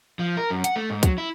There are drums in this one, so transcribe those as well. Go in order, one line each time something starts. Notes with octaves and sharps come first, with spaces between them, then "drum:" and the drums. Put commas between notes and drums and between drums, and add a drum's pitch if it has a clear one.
F3
A#4
F#2
F#5, drum: hi-hat
A3
G#2
F#3, drum: kick, hi-hat
E4